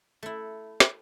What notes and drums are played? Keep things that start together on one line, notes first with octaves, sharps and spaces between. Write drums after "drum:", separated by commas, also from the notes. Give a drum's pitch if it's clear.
A3 E4
drum: snare